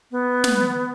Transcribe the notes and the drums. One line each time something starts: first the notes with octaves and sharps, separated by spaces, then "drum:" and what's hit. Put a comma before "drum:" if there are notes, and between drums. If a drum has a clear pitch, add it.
B3
drum: snare